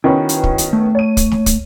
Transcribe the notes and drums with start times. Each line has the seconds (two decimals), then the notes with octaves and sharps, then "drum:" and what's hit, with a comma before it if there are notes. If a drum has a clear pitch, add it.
0.04 D#3 B3 C#4 E4 F#4 B5
0.29 drum: hi-hat
0.44 drum: kick
0.58 drum: hi-hat
0.73 A3
0.95 C#5 D#7
1.17 drum: kick, hi-hat
1.32 drum: snare
1.46 drum: kick, hi-hat